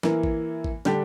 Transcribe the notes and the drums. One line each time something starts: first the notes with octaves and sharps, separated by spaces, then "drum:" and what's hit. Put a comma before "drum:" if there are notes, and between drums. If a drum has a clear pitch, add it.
E3 A#3 E4, drum: snare
drum: kick A1
drum: kick A1
D3 G3 D4 G4, drum: snare